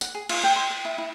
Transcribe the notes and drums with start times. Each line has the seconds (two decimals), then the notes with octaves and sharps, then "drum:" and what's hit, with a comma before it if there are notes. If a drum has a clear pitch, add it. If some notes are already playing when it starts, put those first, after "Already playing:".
0.01 F#5, drum: tambourine
0.15 G#4
0.29 F4, drum: cymbal
0.44 G5
0.56 C6
0.70 G5
0.85 E4
0.98 E4